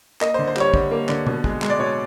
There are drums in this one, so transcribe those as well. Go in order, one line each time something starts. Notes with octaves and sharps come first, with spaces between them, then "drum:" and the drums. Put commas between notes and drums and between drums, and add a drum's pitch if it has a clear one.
A#3 D#5, drum: clap
C5
D3
C5
G3 C#5, drum: clap
D3, drum: kick
A#3
D3, drum: clap
B2, drum: tom
G#3, drum: kick
G#3, drum: clap
D5
B2 C#5